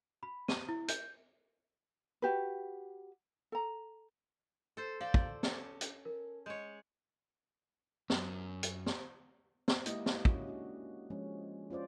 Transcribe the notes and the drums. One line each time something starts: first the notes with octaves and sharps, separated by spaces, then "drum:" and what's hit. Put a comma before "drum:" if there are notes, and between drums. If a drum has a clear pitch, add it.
B5
D#7, drum: snare
E4
G6, drum: hi-hat
F#4 G4 B4
A4 A#5
A4 C5
A4 D5 F5 G5
drum: kick
C#4 A5 D6 C#7, drum: snare
drum: hi-hat
A#4
G#3 C#5 G6 E7
F#2, drum: snare
drum: hi-hat
drum: snare
drum: snare
G#3 A#3 E4 G4 D#5, drum: hi-hat
drum: snare
C#4 F#4, drum: kick
D4 F#4
F3 G#3 C#4
C#4 F4 C5 D5